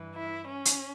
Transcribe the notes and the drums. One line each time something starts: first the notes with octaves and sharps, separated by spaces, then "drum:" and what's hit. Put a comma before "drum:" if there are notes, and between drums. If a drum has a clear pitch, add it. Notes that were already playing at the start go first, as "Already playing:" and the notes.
Already playing: G2 E3
E4
C#4
drum: hi-hat